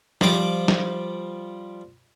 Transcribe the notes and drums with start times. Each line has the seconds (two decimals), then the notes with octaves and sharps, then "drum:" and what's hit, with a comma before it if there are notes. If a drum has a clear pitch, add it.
0.21 F3 G3 D6, drum: snare
0.68 drum: snare